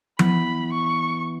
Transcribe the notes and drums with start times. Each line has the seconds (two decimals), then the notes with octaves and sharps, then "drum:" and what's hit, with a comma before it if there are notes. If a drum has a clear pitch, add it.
0.19 E3 B3 E4 B5, drum: tom F3
0.73 C#6